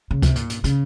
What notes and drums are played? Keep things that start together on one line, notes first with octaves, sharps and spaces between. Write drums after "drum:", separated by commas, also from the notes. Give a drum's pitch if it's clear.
C#3
C3, drum: kick C#2, hi-hat
A#2, drum: hi-hat
drum: hi-hat
C#3, drum: hi-hat